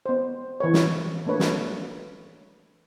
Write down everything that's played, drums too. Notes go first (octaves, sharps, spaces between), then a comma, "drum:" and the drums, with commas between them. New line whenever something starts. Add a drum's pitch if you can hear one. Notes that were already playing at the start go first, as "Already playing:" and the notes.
B3 C5
E3 B4 C#5
drum: snare
A3 A#3 D4 B4 C#5
drum: snare